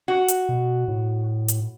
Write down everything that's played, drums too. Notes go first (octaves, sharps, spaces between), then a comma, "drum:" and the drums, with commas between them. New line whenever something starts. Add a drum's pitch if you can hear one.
F#4
drum: hi-hat
B2
A2
drum: hi-hat